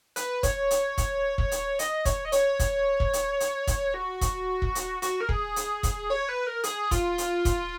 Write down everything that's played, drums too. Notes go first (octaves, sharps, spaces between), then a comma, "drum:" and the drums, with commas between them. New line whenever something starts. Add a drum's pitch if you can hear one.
B4, drum: hi-hat
C#5, drum: kick, hi-hat
drum: hi-hat
drum: kick, hi-hat
drum: kick
drum: hi-hat
D#5, drum: hi-hat
C#5, drum: kick, hi-hat
D#5
C#5, drum: hi-hat
drum: kick, hi-hat
drum: kick
drum: hi-hat
drum: hi-hat
drum: kick, hi-hat
F#4
drum: kick, hi-hat
drum: kick
drum: hi-hat
F#4, drum: hi-hat
A#4
G#4, drum: kick
drum: hi-hat
drum: kick, hi-hat
C#5
B4
A#4
G#4, drum: hi-hat
F4, drum: kick, hi-hat
drum: hi-hat
drum: kick, hi-hat